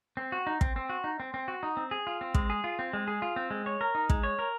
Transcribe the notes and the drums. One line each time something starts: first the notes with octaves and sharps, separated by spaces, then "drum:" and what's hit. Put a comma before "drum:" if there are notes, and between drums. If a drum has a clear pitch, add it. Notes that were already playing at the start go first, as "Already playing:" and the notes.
C4
F#4
D#4
C4, drum: kick
C4
F#4
D#4
C4
C4
F#4
D#4
C4
G#4
F4
C4
G#3, drum: kick
G#4
F4
C4
G#3
G#4
F4
C4
G#3
C#5
A#4
D#4
G#3, drum: kick
C#5
A#4